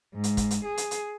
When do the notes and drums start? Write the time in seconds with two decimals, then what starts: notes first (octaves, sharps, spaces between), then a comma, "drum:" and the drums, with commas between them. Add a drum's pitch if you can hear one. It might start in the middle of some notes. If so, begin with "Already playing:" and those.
0.14 G#2
0.24 drum: hi-hat
0.37 drum: kick, hi-hat
0.51 drum: hi-hat
0.64 G#4
0.77 drum: hi-hat
0.91 drum: hi-hat